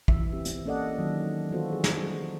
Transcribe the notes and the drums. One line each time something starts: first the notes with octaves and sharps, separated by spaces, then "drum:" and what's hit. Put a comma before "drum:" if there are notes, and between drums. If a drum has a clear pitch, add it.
E3 E5, drum: kick
C4 G4
drum: hi-hat
A#3 C#4 A4 D5 D#5 F#5
D#3 F#3
E3 B3 F4 F#4 A4 C5
G#4
drum: snare